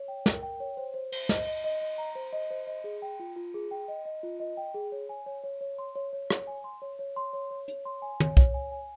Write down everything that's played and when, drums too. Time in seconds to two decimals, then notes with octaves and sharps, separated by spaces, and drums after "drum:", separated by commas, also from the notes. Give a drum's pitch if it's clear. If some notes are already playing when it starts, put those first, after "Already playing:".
Already playing: C#5
0.08 G5
0.26 A#4, drum: snare
0.43 G5
0.60 C#5
0.77 C5
0.94 C5
1.12 C5, drum: cymbal
1.29 D#5, drum: snare
1.47 D#5
1.64 D#5
1.81 D#5
1.98 A#5
2.15 C5
2.33 D#5
2.50 C5
2.67 D#5
2.84 G#4
3.02 G5
3.20 F4
3.36 F4
3.54 G#4
3.71 G5
3.88 D#5
4.05 D#5
4.23 F4
4.40 D#5
4.57 G5
4.74 G#4
4.92 C#5
5.09 G#5
5.26 C#5
5.44 C#5
5.61 C#5
5.78 C6
5.95 C#5
6.13 C#5
6.30 C#5, drum: rim click
6.47 G#5
6.64 C6
6.82 C#5
6.99 C#5
7.16 C6
7.33 C#5
7.51 C#5
7.68 C#5, drum: hi-hat
7.85 C6
8.02 G#5
8.20 C#5, drum: tom
8.37 C#5, drum: kick
8.54 G#5
8.72 G#5